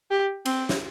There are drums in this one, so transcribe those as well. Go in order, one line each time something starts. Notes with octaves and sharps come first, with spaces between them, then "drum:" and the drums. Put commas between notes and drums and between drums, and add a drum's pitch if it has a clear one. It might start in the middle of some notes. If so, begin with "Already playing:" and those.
G4
C4, drum: cymbal
drum: snare